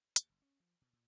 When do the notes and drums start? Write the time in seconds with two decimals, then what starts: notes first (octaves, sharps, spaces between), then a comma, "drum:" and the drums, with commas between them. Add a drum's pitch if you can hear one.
0.16 D#2, drum: hi-hat
0.30 F#1
0.42 C#4
0.60 F3
0.81 B2
0.93 A#2